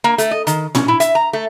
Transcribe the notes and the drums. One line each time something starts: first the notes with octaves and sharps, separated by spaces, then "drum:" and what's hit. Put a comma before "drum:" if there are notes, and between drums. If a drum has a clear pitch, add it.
A#3
A3, drum: hi-hat
D#5
D#3, drum: hi-hat
C#4, drum: tom
E4
E5, drum: hi-hat
A#5
A3